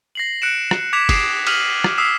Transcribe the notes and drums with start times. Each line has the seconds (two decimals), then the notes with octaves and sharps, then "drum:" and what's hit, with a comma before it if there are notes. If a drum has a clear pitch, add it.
0.15 A#6 C7 F#7
0.42 F#6 C#7 D7 E7
0.71 drum: rim click
0.93 D6 G#6 B6 E7 F7
1.09 D#6 C7 D7 E7, drum: kick, cymbal
1.47 D#6 F6 D#7 F7 F#7, drum: cymbal
1.84 drum: rim click
1.98 D#6 E6 B6 C7 E7